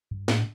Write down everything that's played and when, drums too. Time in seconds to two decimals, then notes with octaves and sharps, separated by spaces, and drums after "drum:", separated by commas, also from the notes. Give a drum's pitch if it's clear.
0.11 G2
0.28 A2, drum: snare